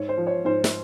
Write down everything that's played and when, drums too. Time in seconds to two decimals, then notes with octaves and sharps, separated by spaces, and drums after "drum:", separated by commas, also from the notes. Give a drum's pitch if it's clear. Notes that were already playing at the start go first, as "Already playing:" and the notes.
Already playing: G#2 C#5
0.09 C5
0.17 F3
0.27 C#5
0.45 G#2 C5
0.64 drum: snare